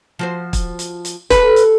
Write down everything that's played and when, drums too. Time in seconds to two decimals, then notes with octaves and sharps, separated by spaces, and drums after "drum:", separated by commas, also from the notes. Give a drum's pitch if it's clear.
0.19 F3 F#4 C5
0.53 drum: kick, hi-hat
0.79 drum: hi-hat
1.05 drum: hi-hat
1.30 G4 A4 B4, drum: kick, hi-hat
1.56 drum: hi-hat